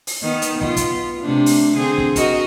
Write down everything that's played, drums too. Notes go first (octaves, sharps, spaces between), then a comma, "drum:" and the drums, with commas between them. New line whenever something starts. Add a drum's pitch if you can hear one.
drum: open hi-hat
D#3 B3
drum: hi-hat
B3 F4, drum: kick
drum: kick, hi-hat
C3 A3 D4
drum: open hi-hat
D3 C4 G#4
drum: kick
F#4 A#4 D#5, drum: kick, hi-hat